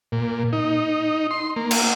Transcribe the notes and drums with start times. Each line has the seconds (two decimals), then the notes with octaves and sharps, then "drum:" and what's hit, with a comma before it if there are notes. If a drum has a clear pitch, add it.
0.12 A#2
0.53 D#4
1.31 C6
1.56 A#3
1.71 drum: cymbal